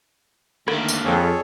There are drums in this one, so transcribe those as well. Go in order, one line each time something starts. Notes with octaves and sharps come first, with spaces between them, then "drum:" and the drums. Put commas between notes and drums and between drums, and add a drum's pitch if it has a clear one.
D3 D#3 A3 A#3, drum: rim click
drum: tambourine
F2 G#4 A4 C#5